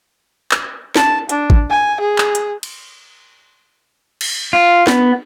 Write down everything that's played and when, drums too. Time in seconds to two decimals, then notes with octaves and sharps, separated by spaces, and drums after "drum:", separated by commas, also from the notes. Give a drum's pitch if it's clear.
0.51 drum: clap
0.96 A5, drum: snare
1.29 D4, drum: hi-hat
1.50 drum: kick
1.70 G#5
2.00 G#4
2.18 drum: clap
2.35 drum: hi-hat
2.63 drum: cymbal
4.21 drum: cymbal
4.53 F4
4.87 B3, drum: snare